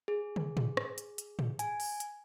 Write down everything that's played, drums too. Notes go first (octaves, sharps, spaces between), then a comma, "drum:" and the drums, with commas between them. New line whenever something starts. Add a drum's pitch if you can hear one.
G#4
drum: tom
drum: tom
drum: rim click
drum: hi-hat
drum: hi-hat
drum: tom
G#5, drum: hi-hat
drum: open hi-hat
drum: hi-hat